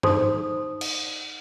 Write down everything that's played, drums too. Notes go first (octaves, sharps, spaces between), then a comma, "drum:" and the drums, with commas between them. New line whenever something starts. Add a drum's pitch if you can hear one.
D#4 A4 C5 C6 D#6, drum: tom G2
drum: cymbal